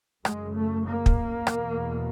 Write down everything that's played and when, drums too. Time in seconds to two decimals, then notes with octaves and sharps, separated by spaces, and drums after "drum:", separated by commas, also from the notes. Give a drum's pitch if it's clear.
0.25 F#2 G#3, drum: rim click
0.30 C#3
0.55 A3
0.86 A#3
1.06 drum: kick
1.47 E2 B2, drum: rim click